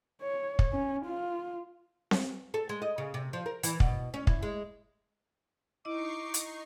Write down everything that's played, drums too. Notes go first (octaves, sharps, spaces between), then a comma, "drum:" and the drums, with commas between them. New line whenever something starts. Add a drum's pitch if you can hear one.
C#5
drum: kick
C#4
F4
drum: snare C4
A4
G#3
D#5
C#3
C3
F3
A#4
E3, drum: hi-hat
B2, drum: kick
C#4
E4, drum: kick
G#3
D#4 E4 D#5 C#6 D6 C7
drum: hi-hat